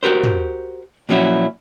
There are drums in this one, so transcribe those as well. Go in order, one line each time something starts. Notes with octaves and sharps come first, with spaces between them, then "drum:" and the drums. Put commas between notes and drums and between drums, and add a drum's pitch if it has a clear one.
F#4 G4 A#4 C5
drum: tom
A#2 F3 F#3 C#4 E4 F#4